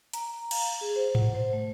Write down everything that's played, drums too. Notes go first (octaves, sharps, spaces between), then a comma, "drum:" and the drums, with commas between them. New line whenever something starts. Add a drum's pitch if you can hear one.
A#5, drum: hi-hat
F5, drum: cymbal
G#4
C5
F#5, drum: tom G#2
C5
A3